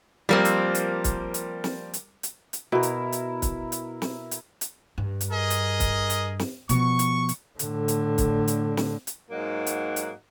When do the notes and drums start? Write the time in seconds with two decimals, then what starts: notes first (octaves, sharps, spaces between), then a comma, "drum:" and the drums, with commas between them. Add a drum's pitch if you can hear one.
0.29 F3 G3 A#3 C4 A#4
0.45 drum: hi-hat
0.75 drum: hi-hat
1.04 drum: kick, hi-hat
1.34 drum: hi-hat
1.64 drum: snare
1.94 drum: hi-hat
2.23 drum: hi-hat
2.53 drum: hi-hat
2.72 B2 E4 A#4
2.83 drum: hi-hat
3.12 drum: hi-hat
3.42 drum: kick, hi-hat
3.72 drum: hi-hat
4.02 drum: snare
4.31 drum: hi-hat
4.61 drum: hi-hat
4.98 G2
5.21 drum: hi-hat
5.31 G#4 A#4 D#5
5.50 drum: hi-hat
5.80 drum: kick, hi-hat
6.10 drum: hi-hat
6.39 drum: snare
6.69 B2 F3 C#6, drum: hi-hat
6.99 drum: hi-hat
7.29 drum: hi-hat
7.59 A2 D3, drum: hi-hat
7.88 drum: hi-hat
8.18 drum: kick, hi-hat
8.48 drum: hi-hat
8.77 drum: snare
9.07 drum: hi-hat
9.31 G#2 F#3 A#3 D#4 F#5
9.66 drum: hi-hat
9.96 drum: hi-hat